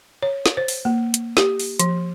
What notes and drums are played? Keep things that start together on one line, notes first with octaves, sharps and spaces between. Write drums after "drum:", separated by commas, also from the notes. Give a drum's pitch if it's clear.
C#5
drum: snare
C5
drum: open hi-hat
A#3
drum: hi-hat
G4, drum: snare
drum: open hi-hat
F3, drum: hi-hat